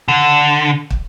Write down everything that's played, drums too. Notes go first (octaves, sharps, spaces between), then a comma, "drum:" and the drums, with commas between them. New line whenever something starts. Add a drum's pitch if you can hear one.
D3
drum: kick